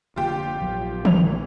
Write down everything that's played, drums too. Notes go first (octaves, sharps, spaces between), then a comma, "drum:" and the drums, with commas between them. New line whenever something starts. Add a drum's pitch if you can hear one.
F1 D3 A#3 F4 G4
A#1 F#3 B3
E3 F7, drum: tom